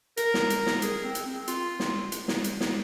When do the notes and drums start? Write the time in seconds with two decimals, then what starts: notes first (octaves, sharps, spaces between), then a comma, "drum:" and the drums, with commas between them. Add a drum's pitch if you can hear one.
0.17 A#4, drum: hi-hat
0.34 drum: snare
0.50 drum: hi-hat
0.66 drum: snare
0.82 G#4, drum: hi-hat
1.04 C4
1.15 drum: hi-hat
1.26 C4
1.48 F4, drum: hi-hat
1.80 drum: snare
2.12 drum: hi-hat
2.28 drum: snare
2.44 drum: hi-hat
2.60 drum: snare